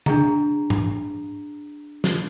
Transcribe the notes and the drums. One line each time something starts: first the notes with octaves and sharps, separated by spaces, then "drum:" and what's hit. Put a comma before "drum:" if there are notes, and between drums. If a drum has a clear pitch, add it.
D4 G#4 A#5, drum: tom C#3
drum: tom G#2
drum: snare